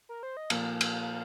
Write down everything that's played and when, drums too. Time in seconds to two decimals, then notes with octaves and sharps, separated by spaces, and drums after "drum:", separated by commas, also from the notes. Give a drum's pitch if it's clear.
0.09 A#4
0.23 C5
0.37 D#5
0.50 A#2 F3 A#3 F5, drum: cymbal
0.81 drum: cymbal